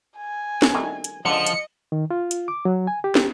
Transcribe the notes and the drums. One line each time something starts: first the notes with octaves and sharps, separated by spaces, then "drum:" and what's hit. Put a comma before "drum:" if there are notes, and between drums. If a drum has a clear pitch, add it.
G#5
drum: snare
D#3 G3 A3
drum: hi-hat
C#2 D3 F3 D#5 C#7
drum: hi-hat
D#3
F4
drum: hi-hat
D6
F#3
G#5
G4
drum: snare